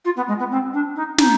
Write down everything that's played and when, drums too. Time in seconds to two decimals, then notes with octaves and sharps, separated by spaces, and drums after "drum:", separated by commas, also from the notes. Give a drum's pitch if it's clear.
0.05 F4
0.16 B3
0.28 G#3
0.39 B3
0.51 C4
0.73 D4
0.96 D#4
1.18 D#4, drum: snare